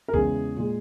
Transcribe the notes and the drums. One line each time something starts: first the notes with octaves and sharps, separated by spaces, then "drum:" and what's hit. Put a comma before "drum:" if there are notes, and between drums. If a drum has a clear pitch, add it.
A#4
E2 C#3 G#3 G#4, drum: kick B1
A#2 G#3